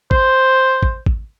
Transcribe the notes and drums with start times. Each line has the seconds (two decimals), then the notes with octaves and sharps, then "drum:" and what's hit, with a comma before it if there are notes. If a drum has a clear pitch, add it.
0.11 C5, drum: kick
0.83 drum: kick
1.06 drum: kick